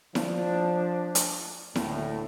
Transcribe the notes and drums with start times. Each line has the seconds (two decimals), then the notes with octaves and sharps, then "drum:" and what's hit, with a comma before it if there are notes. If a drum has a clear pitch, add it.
0.15 F3 D4, drum: snare E4
1.15 drum: hi-hat
1.75 D2 A2, drum: snare E4